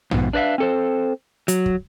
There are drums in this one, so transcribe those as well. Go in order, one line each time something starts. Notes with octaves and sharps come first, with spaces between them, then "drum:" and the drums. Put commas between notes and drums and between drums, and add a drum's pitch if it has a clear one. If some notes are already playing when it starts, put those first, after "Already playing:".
F2 G#2 B2, drum: tom
D4 B4 D5 E5 F5
C4 A4 C5
F#3, drum: hi-hat
drum: kick